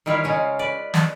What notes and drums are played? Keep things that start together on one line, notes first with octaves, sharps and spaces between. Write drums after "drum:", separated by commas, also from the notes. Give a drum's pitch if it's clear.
D#3 G3 E4 F4 C#5 F5
C#3 G#3 C#4 F4
B4 D5
drum: snare